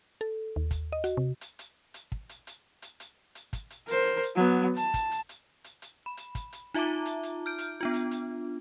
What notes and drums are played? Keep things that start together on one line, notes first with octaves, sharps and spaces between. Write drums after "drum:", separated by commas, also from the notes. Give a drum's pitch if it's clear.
A4
D#2
drum: kick, hi-hat
D#5
F#4, drum: hi-hat
C3
drum: hi-hat
drum: hi-hat
drum: hi-hat
drum: kick
drum: hi-hat
drum: hi-hat
drum: hi-hat
drum: hi-hat
drum: hi-hat
drum: kick, hi-hat
drum: hi-hat
A#4 C5, drum: hi-hat
drum: hi-hat
F#3 B3
A5, drum: hi-hat
drum: kick, hi-hat
drum: hi-hat
drum: hi-hat
drum: hi-hat
drum: hi-hat
B5
drum: hi-hat
drum: kick, hi-hat
drum: hi-hat
D#4 F4 E5 A5 A#5 D6
drum: hi-hat
drum: hi-hat
F6 G6 D7
drum: hi-hat
B3 D4 F4
drum: hi-hat
drum: hi-hat